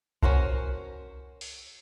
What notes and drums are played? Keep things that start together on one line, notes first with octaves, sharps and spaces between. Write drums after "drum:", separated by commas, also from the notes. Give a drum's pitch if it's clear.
C#4 F#4 A#4 C5, drum: kick B1
drum: open hi-hat